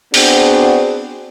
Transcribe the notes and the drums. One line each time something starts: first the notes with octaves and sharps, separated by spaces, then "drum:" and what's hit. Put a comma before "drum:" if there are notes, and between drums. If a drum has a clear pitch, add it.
B3 C4 D4 F#4 G#4, drum: open hi-hat